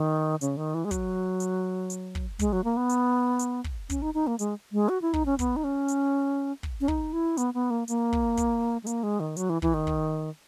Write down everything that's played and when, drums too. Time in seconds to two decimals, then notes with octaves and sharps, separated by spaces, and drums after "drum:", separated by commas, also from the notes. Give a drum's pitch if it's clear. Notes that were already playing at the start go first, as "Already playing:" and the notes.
Already playing: D#3
0.41 C#3, drum: hi-hat
0.57 D#3
0.74 E3
0.85 G#3
0.91 F#3, drum: kick, hi-hat
1.40 drum: hi-hat
1.90 drum: hi-hat
2.15 drum: kick
2.39 G#3, drum: kick, hi-hat
2.53 F#3
2.64 A#3
2.77 B3
2.90 drum: hi-hat
3.39 drum: hi-hat
3.64 drum: kick
3.90 C#4, drum: kick, hi-hat
4.02 D#4
4.14 D#4
4.27 A#3
4.39 G#3, drum: hi-hat
4.72 G#3
4.89 F#4
5.02 E4
5.13 D#4, drum: kick
5.26 C#4
5.39 B3, drum: kick, hi-hat
5.56 D#4
5.64 C#4
5.88 drum: hi-hat
6.63 drum: kick
6.81 C#4
6.88 D#4, drum: kick
7.13 E4
7.37 B3, drum: hi-hat
7.54 B3
7.70 A#3
7.88 A#3, drum: hi-hat
8.13 drum: kick
8.37 drum: kick, hi-hat
8.84 G#3
8.87 A#3, drum: hi-hat
9.03 G#3
9.20 D#3
9.37 F#3, drum: hi-hat
9.50 E3
9.62 E3, drum: kick
9.74 D#3
9.87 drum: kick